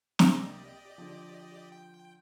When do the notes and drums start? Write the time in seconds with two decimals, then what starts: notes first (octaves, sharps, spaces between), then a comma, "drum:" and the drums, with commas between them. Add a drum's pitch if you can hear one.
0.19 C2 G3 A#3 G4 D5 D#5, drum: snare
0.98 D3 F3
1.72 G5